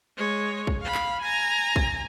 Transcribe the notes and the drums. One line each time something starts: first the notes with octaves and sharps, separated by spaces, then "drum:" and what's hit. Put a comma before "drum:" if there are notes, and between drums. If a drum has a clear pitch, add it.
G#3 C#5
drum: kick
F5 B5
drum: clap
G#5 A#5
drum: kick